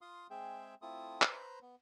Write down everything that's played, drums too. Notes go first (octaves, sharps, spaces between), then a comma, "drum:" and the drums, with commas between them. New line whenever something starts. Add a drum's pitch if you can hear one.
F4 F5 C6 D#6
G#3 C4 G#4 E5 G5
A3 C4 E4 F4 A4 D#6
B4 C5 A#5 B5, drum: clap
B3